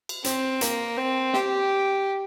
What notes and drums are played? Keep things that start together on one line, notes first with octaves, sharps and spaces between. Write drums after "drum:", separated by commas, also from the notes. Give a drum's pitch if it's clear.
drum: cymbal
C4, drum: hi-hat
A#3, drum: hi-hat
C4
G4, drum: snare